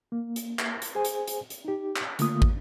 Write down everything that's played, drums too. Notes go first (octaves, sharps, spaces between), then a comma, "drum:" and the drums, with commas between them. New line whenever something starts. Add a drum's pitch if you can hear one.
A#3
drum: hi-hat
drum: clap
drum: hi-hat
G#4 C5 G#5
drum: hi-hat
drum: hi-hat
drum: hi-hat
D#4 G4
drum: clap
D3 A3 A#3 F4 D#6, drum: hi-hat
drum: kick